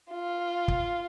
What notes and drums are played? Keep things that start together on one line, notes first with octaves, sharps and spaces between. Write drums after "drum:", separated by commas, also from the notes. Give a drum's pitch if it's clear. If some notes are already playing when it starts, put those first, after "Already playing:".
F4
drum: kick